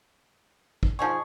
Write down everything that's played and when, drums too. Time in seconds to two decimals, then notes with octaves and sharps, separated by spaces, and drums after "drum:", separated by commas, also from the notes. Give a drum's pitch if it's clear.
0.83 drum: kick
0.99 F3 D#4 G#4 C#6